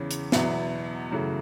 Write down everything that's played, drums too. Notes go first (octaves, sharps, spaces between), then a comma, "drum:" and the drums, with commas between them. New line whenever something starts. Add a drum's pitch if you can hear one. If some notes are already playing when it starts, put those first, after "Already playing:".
Already playing: E2 C#3 E3 C#4
drum: hi-hat
E2 B2 F#3 B3 E4, drum: snare
F#2 C#3 E3 A3 F#4